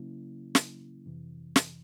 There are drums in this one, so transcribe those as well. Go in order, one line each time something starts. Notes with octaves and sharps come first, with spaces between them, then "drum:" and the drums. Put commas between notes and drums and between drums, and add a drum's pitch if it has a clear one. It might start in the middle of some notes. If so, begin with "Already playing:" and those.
Already playing: C#3 F#3 A#3 C#4 E4
drum: snare
F2 C3 E3
drum: snare